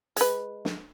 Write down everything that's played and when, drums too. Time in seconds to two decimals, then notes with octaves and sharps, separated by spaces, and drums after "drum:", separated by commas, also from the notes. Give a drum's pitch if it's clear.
0.16 G#3 B4, drum: hi-hat
0.65 drum: snare